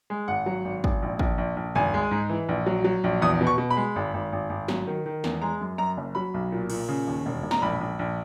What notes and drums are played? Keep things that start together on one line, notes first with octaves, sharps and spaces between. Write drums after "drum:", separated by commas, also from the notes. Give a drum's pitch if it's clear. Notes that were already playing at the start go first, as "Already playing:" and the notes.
G#3
G#1 F#5
F#3
G#1
G#1, drum: kick
A#1
A#1, drum: kick
A#1
A#1
G#1 G#5, drum: tom
G#3
G#2
E3
A#1
F#3
F#3
A#1
E2 D#6
B2
C#6
B2
B5
G#3
G#1
G#1
G#1
G#1
F#3, drum: snare
D#3
D#3
E2, drum: snare
G#3 A#5
F#2
F#2 A#5
F#1
F#3 B5
B1
A#2
A#2, drum: cymbal
C#3
D#2
E1
E1
A#5, drum: snare
A#1 B5
A#1
A#1